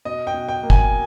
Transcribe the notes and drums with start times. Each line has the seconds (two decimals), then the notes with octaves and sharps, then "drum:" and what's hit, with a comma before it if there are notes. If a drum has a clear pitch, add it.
0.05 B2 D#5
0.27 G5
0.34 B2
0.49 G5
0.63 A#3
0.70 G#5, drum: kick